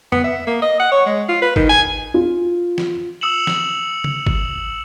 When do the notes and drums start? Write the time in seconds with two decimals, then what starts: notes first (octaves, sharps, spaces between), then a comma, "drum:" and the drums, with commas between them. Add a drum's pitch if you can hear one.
0.12 B3, drum: tom
0.24 E5
0.47 A#3
0.62 D#5
0.79 F#5
0.92 C#5
1.06 G#3
1.29 F4
1.42 B4
1.56 D#3, drum: kick
1.69 G#5
2.14 F4
2.78 drum: snare
3.21 D#6 E6 C#7 E7 F#7
3.47 drum: snare
4.04 drum: tom
4.27 drum: kick